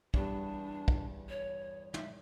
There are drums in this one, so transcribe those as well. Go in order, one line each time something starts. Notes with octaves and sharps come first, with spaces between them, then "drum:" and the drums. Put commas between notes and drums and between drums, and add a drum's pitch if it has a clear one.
E2 G2 D4, drum: kick
drum: kick
C#5
E5, drum: tom